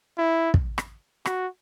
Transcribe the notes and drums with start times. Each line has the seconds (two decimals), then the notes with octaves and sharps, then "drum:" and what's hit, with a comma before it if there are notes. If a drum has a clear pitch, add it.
0.18 E4
0.54 drum: kick
0.78 drum: rim click
1.25 F#4, drum: rim click